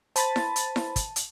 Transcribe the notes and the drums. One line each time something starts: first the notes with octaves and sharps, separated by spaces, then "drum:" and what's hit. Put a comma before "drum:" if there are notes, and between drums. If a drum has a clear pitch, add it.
C5 A5 B5 A6, drum: hi-hat
drum: snare E4
drum: hi-hat
drum: snare E4
drum: kick, hi-hat
drum: hi-hat